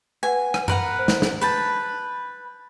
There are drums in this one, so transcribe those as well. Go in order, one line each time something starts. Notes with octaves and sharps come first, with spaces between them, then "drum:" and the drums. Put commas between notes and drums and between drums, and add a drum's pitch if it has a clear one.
B4 F#5 G#5
drum: rim click
A#4 B4 F#5 A#5 F#7, drum: tom F#2
C5
drum: snare
drum: snare
B4 A5 B5 G6 A6